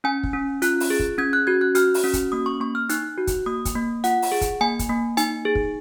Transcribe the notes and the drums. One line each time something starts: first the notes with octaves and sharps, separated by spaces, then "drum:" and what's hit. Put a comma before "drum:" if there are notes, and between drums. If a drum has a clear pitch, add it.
C#4 G#5
drum: kick
C#4
F4 F#6, drum: hi-hat
drum: open hi-hat
G#4
drum: kick
C#4 G#6
F#6
F#4 G#6
F#6
F#4 F6, drum: hi-hat
drum: open hi-hat
C#4
drum: kick, hi-hat
A#3 D#6
C#6
A#3 C#6
F6
D#4 F#6, drum: hi-hat
F#4
drum: kick, hi-hat
A#3 D#6
drum: kick, hi-hat
A#3
F4 F#5, drum: hi-hat
drum: open hi-hat
G#4
drum: kick, hi-hat
A#3 G#5
drum: kick, hi-hat
A#3
D#4 G#5, drum: hi-hat
G#4
drum: kick